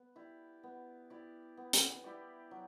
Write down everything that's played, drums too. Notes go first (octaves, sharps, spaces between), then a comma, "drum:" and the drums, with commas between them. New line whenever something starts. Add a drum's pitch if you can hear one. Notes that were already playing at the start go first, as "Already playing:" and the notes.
Already playing: B3
E4 G4 D5
B3
E4 G4 D5
B3
drum: hi-hat
E4 G4 D5
F#3